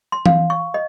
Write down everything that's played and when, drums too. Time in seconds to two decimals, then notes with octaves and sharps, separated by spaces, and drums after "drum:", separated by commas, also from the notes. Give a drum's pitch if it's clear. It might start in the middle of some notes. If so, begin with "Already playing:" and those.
0.12 C6
0.26 F5, drum: tom E3
0.50 C#6
0.74 D#5